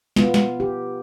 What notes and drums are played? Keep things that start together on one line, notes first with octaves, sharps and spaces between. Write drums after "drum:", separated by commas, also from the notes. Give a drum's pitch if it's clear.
B3 F4, drum: snare
drum: snare
G4